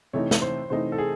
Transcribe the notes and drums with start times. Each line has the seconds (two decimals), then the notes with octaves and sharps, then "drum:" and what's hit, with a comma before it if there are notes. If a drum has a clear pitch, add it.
0.13 C3 E3 A3 D#4 C#5
0.31 drum: snare
0.42 C5
0.70 C3 E3 A3 D#4 C5
0.92 A4
0.98 G#4